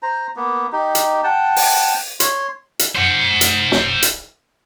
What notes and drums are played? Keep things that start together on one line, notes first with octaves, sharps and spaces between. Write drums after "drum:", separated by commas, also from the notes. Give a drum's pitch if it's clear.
C5 A#5
A#3 B3
D#4 G4
drum: hi-hat
F#5 G5 A5
drum: open hi-hat
C#5 C6, drum: hi-hat
drum: hi-hat
C5 F#5
drum: hi-hat
drum: snare
drum: hi-hat